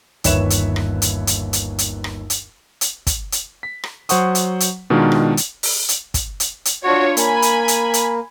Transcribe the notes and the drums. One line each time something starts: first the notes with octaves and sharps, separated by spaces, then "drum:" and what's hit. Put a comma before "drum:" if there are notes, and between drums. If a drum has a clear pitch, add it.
G1 D#2 B4 C#5 E5 E7, drum: hi-hat
drum: hi-hat
drum: rim click
drum: hi-hat
drum: hi-hat
drum: hi-hat
drum: hi-hat
drum: rim click
drum: hi-hat
drum: hi-hat
drum: kick, hi-hat
drum: hi-hat
B6
drum: rim click
F#3 C5 F#5 C#6 D#6, drum: hi-hat
drum: hi-hat
drum: hi-hat
B2 D#3 G#3 D4 F4 A#4
drum: rim click
drum: hi-hat
drum: open hi-hat
drum: hi-hat
drum: kick, hi-hat
drum: hi-hat
drum: hi-hat
D4 F4 F#4 C#5
A#3 G#5 B5, drum: hi-hat
drum: hi-hat
drum: hi-hat
drum: hi-hat